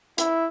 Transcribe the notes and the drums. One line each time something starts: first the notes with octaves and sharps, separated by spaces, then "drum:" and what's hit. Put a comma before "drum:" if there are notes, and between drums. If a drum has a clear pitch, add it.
E4, drum: hi-hat